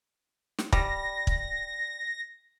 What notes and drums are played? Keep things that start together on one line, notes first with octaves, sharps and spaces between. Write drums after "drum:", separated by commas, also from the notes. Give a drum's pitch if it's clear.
drum: snare
G3 A#6, drum: kick
drum: kick